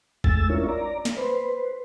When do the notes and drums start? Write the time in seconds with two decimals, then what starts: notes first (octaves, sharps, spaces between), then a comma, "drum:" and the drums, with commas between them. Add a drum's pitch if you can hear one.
0.24 E2 G#3 A3 G#5 E6 A6, drum: kick F#1
0.49 C#4 D4 E4 F4 A#4 C#5
0.69 D5 A#5
1.05 drum: snare
1.17 B4 C5